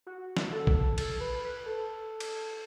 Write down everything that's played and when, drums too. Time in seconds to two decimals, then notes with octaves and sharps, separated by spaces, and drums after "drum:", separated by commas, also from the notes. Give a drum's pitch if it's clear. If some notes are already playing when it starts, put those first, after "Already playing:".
0.07 F#4
0.37 drum: snare
0.52 A4
0.67 drum: kick A#1
0.98 A4, drum: cymbal
1.21 B4
1.44 B4
1.66 A4
2.20 drum: cymbal